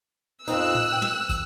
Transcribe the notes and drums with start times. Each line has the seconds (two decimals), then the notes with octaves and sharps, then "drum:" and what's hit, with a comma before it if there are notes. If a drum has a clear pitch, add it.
0.48 F2 C4 D#4 E6 F#6, drum: tambourine
0.75 drum: tom A2
0.92 G5
1.02 drum: snare
1.29 drum: kick, tambourine